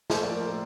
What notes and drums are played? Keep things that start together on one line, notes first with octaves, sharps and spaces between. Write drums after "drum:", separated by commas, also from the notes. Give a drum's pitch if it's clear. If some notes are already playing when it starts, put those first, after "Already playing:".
A2 F3 A#3 C5, drum: snare
D5
A#4
A2 A#4